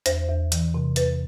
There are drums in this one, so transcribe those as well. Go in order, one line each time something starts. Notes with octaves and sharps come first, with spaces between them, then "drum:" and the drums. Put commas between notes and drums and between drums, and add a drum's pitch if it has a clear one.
E2 C5, drum: hi-hat
E2
E3, drum: hi-hat
C3
E2 B4, drum: hi-hat